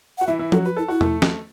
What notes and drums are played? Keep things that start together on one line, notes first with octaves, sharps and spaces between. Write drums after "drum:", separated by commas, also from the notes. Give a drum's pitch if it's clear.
F#4 F#5
E3 E4 E5
E3 E4
F#3 F#4 A4, drum: tom F3
F#4 B4
E4 A4
E4 F#4
A3 A4, drum: tom E2
drum: snare